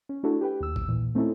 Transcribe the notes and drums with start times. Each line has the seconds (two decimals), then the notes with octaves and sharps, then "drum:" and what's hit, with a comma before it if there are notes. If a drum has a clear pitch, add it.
0.09 C#4
0.23 A3 D4 E4 F#4 A4
0.41 G4 B4 G5
0.60 D#2 E6
0.76 drum: kick A#1
0.88 A#2 E3
1.15 A3 C4 C#4 D#4 E4 A4